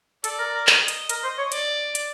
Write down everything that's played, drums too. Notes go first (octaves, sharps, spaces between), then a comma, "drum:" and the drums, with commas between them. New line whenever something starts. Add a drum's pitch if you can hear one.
A4 D5, drum: hi-hat
A#4
A#4
D#5, drum: clap
drum: hi-hat
A#4, drum: hi-hat
C5
C#5
D5, drum: hi-hat
drum: hi-hat